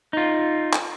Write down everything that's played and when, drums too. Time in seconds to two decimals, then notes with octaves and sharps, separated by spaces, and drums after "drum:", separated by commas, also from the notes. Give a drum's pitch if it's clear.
0.13 D#4 F4
0.73 drum: clap